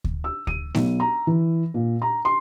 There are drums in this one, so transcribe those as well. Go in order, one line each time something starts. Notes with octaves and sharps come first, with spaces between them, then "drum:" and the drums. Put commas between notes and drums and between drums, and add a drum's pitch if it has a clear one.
drum: kick D2
E6
D#7, drum: kick D2
B1, drum: snare A3
A#5
E3
A#2
A#5
C6